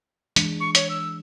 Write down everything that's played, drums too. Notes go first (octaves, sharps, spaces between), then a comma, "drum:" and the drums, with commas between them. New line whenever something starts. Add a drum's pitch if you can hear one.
E3 G#3 D4, drum: hi-hat
C#6
C#5, drum: hi-hat
E6